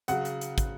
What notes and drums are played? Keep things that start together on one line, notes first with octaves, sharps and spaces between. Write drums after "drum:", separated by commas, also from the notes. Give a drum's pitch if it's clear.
C#3 F#3 F#5, drum: hi-hat
drum: hi-hat
drum: hi-hat
drum: kick, hi-hat